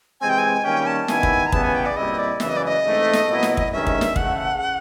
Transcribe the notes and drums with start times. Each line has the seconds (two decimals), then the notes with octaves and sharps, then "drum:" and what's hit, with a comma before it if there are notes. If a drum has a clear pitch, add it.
0.21 C3 E3 G#3 C4 G#5
0.29 G5
0.38 G#5
0.64 D#3 G3 A#3 C#4 G5
0.87 A5
1.08 D#3 G3 B3 E4 G#5, drum: snare
1.23 drum: kick
1.46 A#5
1.52 C#3 E3 G3 B3 A5, drum: kick
1.63 G#5
1.75 G5
1.86 D5
1.97 A#2 G3 C4 E4 D#5
2.18 D5
2.40 F#2 C#3 E3 E5, drum: snare
2.49 D#5
2.57 D5
2.65 D#5
2.84 G#2 E3 A3 C4
3.13 drum: snare
3.28 A#2 F#3 B3 E4
3.43 drum: snare
3.57 drum: kick
3.72 G2 D#3 G#3 C#4 E5
3.87 drum: kick
4.01 drum: snare
4.16 C#3 E3 A3 F#5, drum: kick